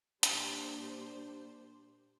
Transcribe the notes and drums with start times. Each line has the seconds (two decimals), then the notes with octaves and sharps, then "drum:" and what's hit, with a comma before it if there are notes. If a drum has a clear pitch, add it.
0.23 A#2 G3 D4 C5, drum: hi-hat